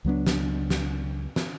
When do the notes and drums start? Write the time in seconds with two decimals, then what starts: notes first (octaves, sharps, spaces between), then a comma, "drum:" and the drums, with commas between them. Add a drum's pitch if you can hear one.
0.05 C#2 F#3 B3 D4
0.26 drum: snare
0.70 drum: snare
1.36 drum: snare